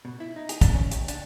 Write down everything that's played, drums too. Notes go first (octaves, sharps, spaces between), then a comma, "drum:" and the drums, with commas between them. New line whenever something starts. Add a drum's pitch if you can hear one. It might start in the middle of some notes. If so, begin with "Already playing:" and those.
B2
E4
D#4
G#4, drum: hi-hat
D4, drum: kick, hi-hat
C#4
C#2, drum: hi-hat
D4, drum: hi-hat